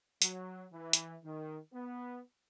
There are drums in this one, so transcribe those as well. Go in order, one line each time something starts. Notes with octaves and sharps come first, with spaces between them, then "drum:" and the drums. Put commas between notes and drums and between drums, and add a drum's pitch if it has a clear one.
F#3, drum: hi-hat
E3
drum: hi-hat
D#3
B3